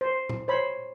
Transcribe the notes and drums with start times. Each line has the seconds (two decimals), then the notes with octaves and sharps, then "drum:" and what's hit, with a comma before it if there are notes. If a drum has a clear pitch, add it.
0.01 C5
0.29 drum: tom A#2
0.48 C5 C#5 B5